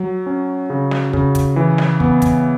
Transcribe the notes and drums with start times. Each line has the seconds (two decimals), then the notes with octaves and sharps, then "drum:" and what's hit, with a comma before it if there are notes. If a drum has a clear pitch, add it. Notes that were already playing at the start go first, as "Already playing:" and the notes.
Already playing: F#3
0.26 C#4
0.70 C#3
0.91 drum: snare
1.13 C#3, drum: kick
1.35 drum: kick, hi-hat
1.56 E3
1.78 drum: snare
2.00 B3, drum: kick
2.22 drum: kick, hi-hat